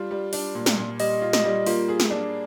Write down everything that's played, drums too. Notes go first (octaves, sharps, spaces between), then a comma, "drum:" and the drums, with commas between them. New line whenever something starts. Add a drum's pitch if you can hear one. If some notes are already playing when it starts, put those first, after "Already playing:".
Already playing: G3 D4 F4
G3
D4, drum: open hi-hat
A#2
drum: snare
A#2
G3 D#5, drum: open hi-hat
F4
D#5, drum: snare
G3
A#3 F4, drum: open hi-hat
G#4
drum: snare
D4